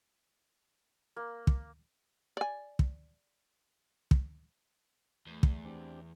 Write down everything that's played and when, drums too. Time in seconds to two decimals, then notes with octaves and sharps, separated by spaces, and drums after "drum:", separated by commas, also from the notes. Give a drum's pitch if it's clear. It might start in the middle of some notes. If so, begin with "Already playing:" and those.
1.16 A#3
1.47 drum: kick
2.37 D5 G#5
2.79 drum: kick
4.11 drum: kick
5.27 E2 A3
5.43 drum: kick
5.65 C4 D4 G4